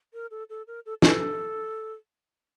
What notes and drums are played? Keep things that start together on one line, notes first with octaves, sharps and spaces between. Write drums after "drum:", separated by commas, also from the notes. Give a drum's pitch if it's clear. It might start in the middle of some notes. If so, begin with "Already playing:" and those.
A#4
A4
A4
A#4
A4
A4, drum: snare